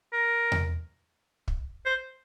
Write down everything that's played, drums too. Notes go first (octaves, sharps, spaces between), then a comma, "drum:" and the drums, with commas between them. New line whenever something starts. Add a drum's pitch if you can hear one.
A#4
drum: tom E2
drum: kick
C5